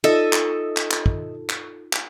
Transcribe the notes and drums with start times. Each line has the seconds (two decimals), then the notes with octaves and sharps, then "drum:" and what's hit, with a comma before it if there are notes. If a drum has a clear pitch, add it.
0.04 D#4 F4 A4 D#5 E5
0.33 drum: clap
0.77 drum: clap
0.91 drum: clap
1.06 drum: kick
1.49 drum: clap
1.93 drum: clap